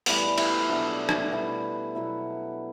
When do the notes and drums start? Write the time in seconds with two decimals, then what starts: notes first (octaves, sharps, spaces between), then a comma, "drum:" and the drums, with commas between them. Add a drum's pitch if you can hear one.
0.06 A2 E3 G3 B3 B4 D5, drum: open hi-hat
0.26 A4
0.38 E4 G4, drum: cymbal
0.69 B2 F#3 A3 D4 F#4
1.09 drum: rim click
1.32 B2 G3 B3 E4
1.95 B2 F#3 B3 E4